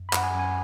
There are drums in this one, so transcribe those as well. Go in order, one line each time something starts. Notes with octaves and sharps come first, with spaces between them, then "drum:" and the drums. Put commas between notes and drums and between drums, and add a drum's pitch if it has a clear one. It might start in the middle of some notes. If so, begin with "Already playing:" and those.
Already playing: F#2
B5
F#2 F#5, drum: clap
G#5
F#2 G#5